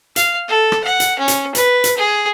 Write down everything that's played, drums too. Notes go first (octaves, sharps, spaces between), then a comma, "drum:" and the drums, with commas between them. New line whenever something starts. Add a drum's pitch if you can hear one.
F5, drum: hi-hat
A4
drum: rim click
F#5
drum: hi-hat
C#4
drum: hi-hat
B4, drum: hi-hat
drum: hi-hat
G#4